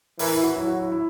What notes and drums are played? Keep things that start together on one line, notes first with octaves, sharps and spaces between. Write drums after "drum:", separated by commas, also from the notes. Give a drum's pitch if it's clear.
E3 A#4, drum: open hi-hat
E4
F#4
F#3 E4
F#4
E4
E4